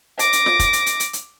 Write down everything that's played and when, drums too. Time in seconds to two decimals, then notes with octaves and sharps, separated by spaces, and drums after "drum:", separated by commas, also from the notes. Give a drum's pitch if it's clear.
0.19 D6 A#6, drum: hi-hat
0.33 drum: hi-hat
0.46 drum: snare F4
0.59 drum: kick, hi-hat
0.73 drum: hi-hat
0.86 drum: hi-hat
1.00 drum: hi-hat
1.13 drum: hi-hat